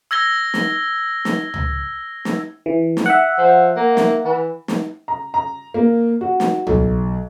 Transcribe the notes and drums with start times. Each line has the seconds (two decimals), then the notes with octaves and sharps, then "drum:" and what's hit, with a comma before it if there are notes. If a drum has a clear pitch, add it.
0.11 E6 G#6 A#6 G7
0.54 drum: snare
1.25 drum: snare
1.54 drum: tom C#2
2.25 drum: snare
2.66 E3
2.97 drum: snare
3.06 E5 F#5
3.38 F3
3.76 A#3
3.97 drum: snare
4.25 E3
4.68 drum: snare
5.08 A#5
5.34 A#5
5.74 A#3
6.21 F#4
6.40 drum: snare
6.67 B1, drum: tom C#2